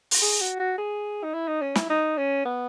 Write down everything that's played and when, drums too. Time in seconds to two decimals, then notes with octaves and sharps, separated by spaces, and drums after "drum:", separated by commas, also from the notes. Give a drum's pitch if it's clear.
0.11 drum: open hi-hat
0.22 G#4
0.41 F#4
0.60 F#4
0.78 G#4
1.24 D#4
1.34 E4
1.48 D#4
1.62 C#4
1.75 E4, drum: snare
1.90 D#4
2.18 C#4
2.45 B3